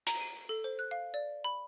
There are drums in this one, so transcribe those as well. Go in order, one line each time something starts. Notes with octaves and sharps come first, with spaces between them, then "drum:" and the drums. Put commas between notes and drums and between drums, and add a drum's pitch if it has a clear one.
A#5, drum: hi-hat
D#7
A4
C5
F#6
F5
D5
B5